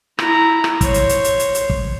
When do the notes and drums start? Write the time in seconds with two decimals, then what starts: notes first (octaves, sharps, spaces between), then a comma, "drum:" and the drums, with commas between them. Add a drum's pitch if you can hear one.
0.19 E4 A#5, drum: rim click
0.64 drum: rim click
0.81 C5 C#5, drum: kick, hi-hat
0.94 drum: hi-hat
1.09 drum: hi-hat
1.24 drum: hi-hat
1.40 drum: hi-hat
1.55 drum: hi-hat
1.70 drum: kick